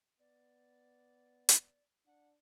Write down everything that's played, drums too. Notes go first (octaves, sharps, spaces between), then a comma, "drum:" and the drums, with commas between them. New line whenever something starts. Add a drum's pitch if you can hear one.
B3 D5
drum: hi-hat
D4 F#5